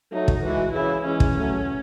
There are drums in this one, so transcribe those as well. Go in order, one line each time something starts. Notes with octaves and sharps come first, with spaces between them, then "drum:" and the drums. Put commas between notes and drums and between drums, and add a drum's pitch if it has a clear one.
F#3 A3 D#4
drum: kick
E3 G#3 F#4
C#3 E3 E4
E3 G#3 C#4
drum: kick
F#3 A3